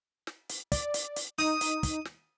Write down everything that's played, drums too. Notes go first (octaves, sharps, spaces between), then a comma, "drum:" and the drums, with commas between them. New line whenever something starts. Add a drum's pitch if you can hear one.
drum: snare
drum: hi-hat
D5, drum: kick, hi-hat
drum: hi-hat
drum: hi-hat
D#4 D#6, drum: open hi-hat
drum: hi-hat
drum: kick, hi-hat
drum: snare